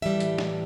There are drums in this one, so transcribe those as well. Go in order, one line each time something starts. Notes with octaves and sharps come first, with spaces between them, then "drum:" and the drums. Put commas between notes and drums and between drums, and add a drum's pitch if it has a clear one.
A2 E3 G3 E5
drum: hi-hat
drum: snare